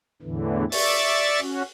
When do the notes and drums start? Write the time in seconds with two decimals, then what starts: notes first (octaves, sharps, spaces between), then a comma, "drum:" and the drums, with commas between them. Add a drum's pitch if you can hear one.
0.22 E2 A2 D3 E3
0.72 D5 E5 C#6 A6, drum: open hi-hat
1.40 C#4 F#4